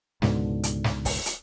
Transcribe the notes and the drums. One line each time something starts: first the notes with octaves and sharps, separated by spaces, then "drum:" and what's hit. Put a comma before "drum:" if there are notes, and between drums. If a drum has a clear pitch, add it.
C#2 G#2 B2 D3, drum: snare
drum: hi-hat
drum: snare
drum: kick, open hi-hat
drum: hi-hat